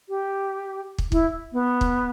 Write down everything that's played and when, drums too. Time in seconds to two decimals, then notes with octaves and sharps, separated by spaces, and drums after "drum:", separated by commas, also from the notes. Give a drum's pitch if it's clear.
0.09 G4
0.98 drum: kick
1.12 E4, drum: kick
1.53 B3
1.81 drum: kick